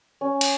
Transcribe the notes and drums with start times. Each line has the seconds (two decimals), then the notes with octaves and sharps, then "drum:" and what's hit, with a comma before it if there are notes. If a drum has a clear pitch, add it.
0.21 C#4
0.41 drum: cymbal